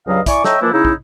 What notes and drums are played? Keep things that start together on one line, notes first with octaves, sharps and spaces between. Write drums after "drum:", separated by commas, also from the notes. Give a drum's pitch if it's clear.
C#2 G2 F#3 D#5 F5
E4 D5 G#5 C#6 D6, drum: kick, hi-hat
A4 C#5 D#5 E5 G5 A#5, drum: snare
E3 F3 A#3 D4 E4 A#4
C#3 D#4 E4
drum: kick